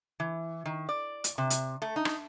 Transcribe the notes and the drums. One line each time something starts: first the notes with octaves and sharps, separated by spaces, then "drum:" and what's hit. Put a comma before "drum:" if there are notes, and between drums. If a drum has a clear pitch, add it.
E3
D#3
D5
drum: hi-hat
C3
drum: hi-hat
A3
D#4
drum: rim click